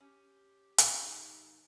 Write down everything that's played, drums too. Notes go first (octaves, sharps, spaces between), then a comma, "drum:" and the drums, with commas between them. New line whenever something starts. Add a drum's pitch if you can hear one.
C#4 G4
G#2 D#3, drum: hi-hat